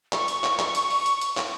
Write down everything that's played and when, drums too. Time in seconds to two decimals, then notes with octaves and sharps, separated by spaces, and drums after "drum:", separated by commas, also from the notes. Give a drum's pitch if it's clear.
0.13 C#6, drum: clap
0.28 drum: hi-hat
0.44 drum: clap
0.59 drum: clap
0.75 drum: hi-hat
0.90 drum: open hi-hat
1.06 drum: hi-hat
1.21 drum: hi-hat
1.37 drum: clap